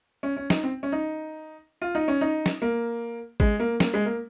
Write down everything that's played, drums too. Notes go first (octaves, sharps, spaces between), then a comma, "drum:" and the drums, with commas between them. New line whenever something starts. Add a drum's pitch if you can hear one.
C#4
C#4
D#4, drum: snare
C4
C#4
D#4
F4
D#4
C#4
D#4
drum: snare
A#3
G#3, drum: kick
A#3
A#3, drum: snare
G#3
A#3